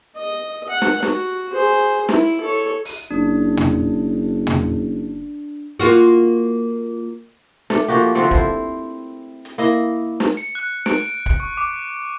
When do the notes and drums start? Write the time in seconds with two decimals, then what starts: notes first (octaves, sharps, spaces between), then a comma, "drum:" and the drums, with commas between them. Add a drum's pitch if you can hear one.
0.16 D#5
0.69 F#5
0.82 drum: snare
1.02 F#4, drum: snare
1.52 G#4 C5
2.09 E4, drum: snare
2.41 A4 C#5
2.85 drum: open hi-hat
3.11 F#1 D4
3.57 drum: tom
4.47 drum: tom
5.80 A#3 F4 F#4
7.70 A3 D5, drum: snare
7.88 F3 A#3 F#4 G4
8.15 D3 F3 A3 C4
8.31 E4 C5, drum: kick D1
9.45 drum: hi-hat
9.58 A#3 E4 D#5
10.20 drum: snare
10.37 C#7
10.55 F#6
10.86 D7, drum: snare
11.02 D7
11.26 drum: kick D1
11.40 C#6
11.57 D6